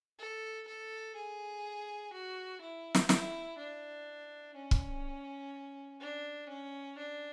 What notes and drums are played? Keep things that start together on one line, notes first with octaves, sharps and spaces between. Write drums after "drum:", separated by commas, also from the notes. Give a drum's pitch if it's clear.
A4
A4
G#4
F#4
E4
drum: snare
E4, drum: snare
D4
C#4
drum: kick
D4
C#4
D4